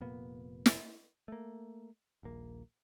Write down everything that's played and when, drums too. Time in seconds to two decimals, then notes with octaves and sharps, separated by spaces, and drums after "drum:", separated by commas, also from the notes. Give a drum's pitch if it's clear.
0.01 F1 A#2 A#3 B3
0.66 drum: snare
1.28 A3 A#3
2.23 D#1 A#1 A#3